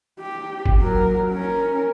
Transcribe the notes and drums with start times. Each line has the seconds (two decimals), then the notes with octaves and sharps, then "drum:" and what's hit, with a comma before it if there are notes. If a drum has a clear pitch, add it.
0.20 G4
0.66 drum: kick G1
0.80 F#3 A#4
1.32 C#4 A#4